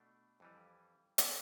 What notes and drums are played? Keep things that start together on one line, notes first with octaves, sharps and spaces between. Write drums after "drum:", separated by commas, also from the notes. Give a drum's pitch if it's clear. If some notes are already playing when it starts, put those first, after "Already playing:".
Already playing: B2 A3 D4
F2 E3 G3
drum: hi-hat